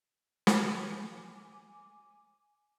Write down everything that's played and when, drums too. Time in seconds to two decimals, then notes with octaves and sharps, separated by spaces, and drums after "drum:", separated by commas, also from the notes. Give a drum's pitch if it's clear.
0.47 drum: snare
0.59 G#5 D6